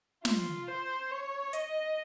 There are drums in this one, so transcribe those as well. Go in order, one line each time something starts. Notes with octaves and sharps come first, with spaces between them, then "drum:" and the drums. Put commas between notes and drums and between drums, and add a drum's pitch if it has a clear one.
F4, drum: snare
C5
C#5
D#5, drum: hi-hat